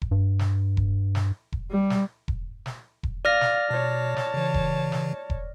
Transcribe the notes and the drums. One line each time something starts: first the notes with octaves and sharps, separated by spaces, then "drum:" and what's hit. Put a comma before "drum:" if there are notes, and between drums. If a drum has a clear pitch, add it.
drum: kick E1
G2
drum: snare
drum: kick E1
drum: snare
drum: kick E1
G3
drum: snare
drum: kick E1
drum: snare
drum: kick E1
D5 F5 F6 A#6
drum: snare
B2 C#5 A5
drum: snare
C#3 E3
drum: kick E1
drum: snare
drum: kick E1